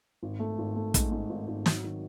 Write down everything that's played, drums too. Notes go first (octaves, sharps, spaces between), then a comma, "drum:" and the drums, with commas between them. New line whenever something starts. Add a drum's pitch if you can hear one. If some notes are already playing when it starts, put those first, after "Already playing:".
G#1
A3
G#1
A3
G#2, drum: kick, hi-hat
G#2
G#1
G#1
F#3, drum: snare
D#3